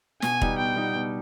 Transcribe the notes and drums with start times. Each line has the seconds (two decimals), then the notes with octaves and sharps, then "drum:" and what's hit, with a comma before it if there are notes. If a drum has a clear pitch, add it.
0.22 B2 G#5, drum: snare
0.41 G3 B3 D#4 G4, drum: kick E1
0.59 B2 G5
0.76 G3 B3 D#4 G4
0.95 B2